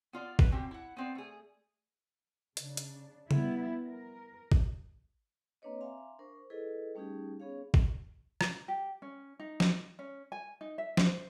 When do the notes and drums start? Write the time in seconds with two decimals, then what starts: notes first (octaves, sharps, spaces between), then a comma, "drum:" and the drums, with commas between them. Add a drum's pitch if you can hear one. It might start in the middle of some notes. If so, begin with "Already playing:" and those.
0.13 B3 F4 D5
0.39 B4, drum: kick
0.51 B2 C4 G4
0.71 E4 F#5
0.97 B3 C4 D5
1.15 A3 G#4
2.57 C#3 D4, drum: hi-hat
2.77 drum: hi-hat
3.31 G3 B3 E4, drum: tom C#3
3.87 A#4
4.52 drum: kick
5.62 A#3 C4 D4 B4 C#5 D#5
5.81 E5 F5 G#5 A#5 C6 D6
6.19 D4 A#4 C5 C#6
6.50 E4 G#4 A4 B4 D#5
6.95 G3 A3 C#4 D#4 G4 G#4
7.40 B3 C#4 G#4 C#5 F5
7.74 drum: kick
8.41 drum: rim click
8.68 G4
9.02 C#4
9.39 D#4
9.60 drum: snare
9.99 C#4
10.32 G#5
10.61 D#4
10.78 E5
10.97 C5, drum: snare